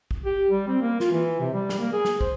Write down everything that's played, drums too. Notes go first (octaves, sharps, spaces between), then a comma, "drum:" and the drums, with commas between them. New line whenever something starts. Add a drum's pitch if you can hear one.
drum: kick
G4
G3
C4
A#3
F4, drum: snare
E3
C3
G3
drum: snare
A#3
G#4
drum: snare
C5, drum: kick